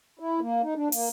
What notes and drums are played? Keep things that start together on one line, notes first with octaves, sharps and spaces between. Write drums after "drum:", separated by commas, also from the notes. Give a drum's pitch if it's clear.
E4
A#3
D#4
D4
A#3, drum: open hi-hat